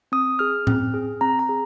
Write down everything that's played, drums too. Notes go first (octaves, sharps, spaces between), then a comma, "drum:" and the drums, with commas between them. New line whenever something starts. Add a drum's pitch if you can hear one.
C4 D#6
G#4 F6
C4, drum: tom A2
G#4
C4 A#5
A#5
G#4